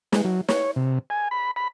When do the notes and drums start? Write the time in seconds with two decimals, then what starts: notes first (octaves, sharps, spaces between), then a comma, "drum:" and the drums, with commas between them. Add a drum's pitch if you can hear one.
0.13 G#3, drum: snare
0.25 F#3
0.48 C#5, drum: snare
0.76 C3
1.10 G#5
1.31 B5
1.56 B5